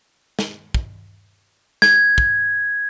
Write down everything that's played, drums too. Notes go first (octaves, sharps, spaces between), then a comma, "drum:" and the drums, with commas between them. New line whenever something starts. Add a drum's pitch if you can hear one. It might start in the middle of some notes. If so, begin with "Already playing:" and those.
drum: snare
drum: kick
G#6, drum: snare
drum: kick